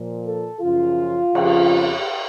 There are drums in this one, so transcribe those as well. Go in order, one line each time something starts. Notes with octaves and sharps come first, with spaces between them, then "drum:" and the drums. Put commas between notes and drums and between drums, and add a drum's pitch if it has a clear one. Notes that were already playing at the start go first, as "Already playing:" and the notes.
Already playing: A#2 F3
A4
F#2 C#3 F3 F4
F2 C#3 F3, drum: cymbal